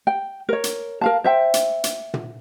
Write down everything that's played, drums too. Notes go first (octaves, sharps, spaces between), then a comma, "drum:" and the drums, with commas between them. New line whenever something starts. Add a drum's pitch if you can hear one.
G5
A#4 C#5
drum: hi-hat
A#4 F5 A5
C5 E5 G5
drum: hi-hat
drum: hi-hat
drum: tom